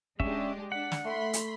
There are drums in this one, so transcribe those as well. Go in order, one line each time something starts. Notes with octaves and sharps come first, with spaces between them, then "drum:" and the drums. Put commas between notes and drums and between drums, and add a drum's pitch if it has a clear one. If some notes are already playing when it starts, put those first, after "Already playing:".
G#3 C#4 D4 G4 E5, drum: kick
D4 F#5 B6
drum: snare
A3 B5 C6
drum: hi-hat